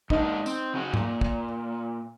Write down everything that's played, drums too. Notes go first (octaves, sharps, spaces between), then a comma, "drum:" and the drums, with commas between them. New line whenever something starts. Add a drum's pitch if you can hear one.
G#2 A#3 D4 D#4, drum: kick
C4, drum: tambourine
C#3 F#4 G#4
A#2, drum: tom
drum: kick